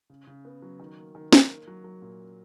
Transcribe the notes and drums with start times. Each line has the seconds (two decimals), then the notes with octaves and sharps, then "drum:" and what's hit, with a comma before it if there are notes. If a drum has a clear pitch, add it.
0.10 C#3
0.27 C#3
0.45 B3
0.62 F#3
0.80 D#3
0.98 A#3
1.15 D#3
1.33 D#3, drum: snare
1.50 A#3
1.67 F#3
1.84 F#3
2.02 A#2